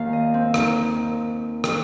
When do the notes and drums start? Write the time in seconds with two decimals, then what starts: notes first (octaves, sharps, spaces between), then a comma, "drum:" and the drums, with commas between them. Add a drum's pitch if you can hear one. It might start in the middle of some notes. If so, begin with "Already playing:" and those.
Already playing: D#2 D#3 A#3 F5
0.13 D#5
0.34 C4
0.54 D#4, drum: rim click
1.64 drum: rim click